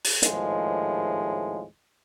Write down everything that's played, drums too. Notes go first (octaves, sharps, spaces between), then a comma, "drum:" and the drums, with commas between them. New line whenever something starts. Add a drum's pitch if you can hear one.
drum: open hi-hat
G#1 D#2 A2 F3 G#3, drum: hi-hat